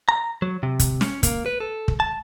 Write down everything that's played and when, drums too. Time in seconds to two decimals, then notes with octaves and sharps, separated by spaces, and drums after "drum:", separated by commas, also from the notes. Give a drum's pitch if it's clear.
0.09 A#5
0.42 F#3
0.63 C3
0.79 drum: kick, hi-hat
1.01 C#4, drum: snare
1.23 A#3, drum: kick, hi-hat
1.46 B4
1.60 A4
1.88 drum: kick
2.00 A5